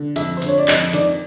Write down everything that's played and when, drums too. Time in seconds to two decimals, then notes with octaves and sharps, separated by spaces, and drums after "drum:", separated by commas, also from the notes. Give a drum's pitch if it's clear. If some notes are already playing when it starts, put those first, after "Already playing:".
Already playing: D3
0.16 F2 E5, drum: hi-hat
0.37 C5
0.42 D3, drum: hi-hat
0.47 C#5
0.57 D5
0.68 F2 D#5, drum: clap
0.93 D#3 D5, drum: hi-hat